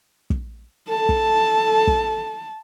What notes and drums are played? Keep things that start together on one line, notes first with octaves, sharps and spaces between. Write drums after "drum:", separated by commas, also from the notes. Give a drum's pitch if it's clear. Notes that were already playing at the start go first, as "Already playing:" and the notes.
drum: kick
A4 A5
drum: kick
drum: kick